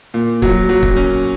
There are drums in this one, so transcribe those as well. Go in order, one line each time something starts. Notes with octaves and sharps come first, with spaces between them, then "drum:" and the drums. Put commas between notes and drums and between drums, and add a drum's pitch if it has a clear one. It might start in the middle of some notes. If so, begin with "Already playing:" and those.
A#2
F#3, drum: kick
F#3
drum: kick
C#4